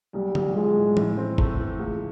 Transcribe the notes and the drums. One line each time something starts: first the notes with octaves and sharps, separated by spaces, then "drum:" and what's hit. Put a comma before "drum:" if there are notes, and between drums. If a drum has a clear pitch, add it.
B1 G3
B1, drum: tom
F3 G#3
A2
A2, drum: tom
C4
A3, drum: kick
E3
C#2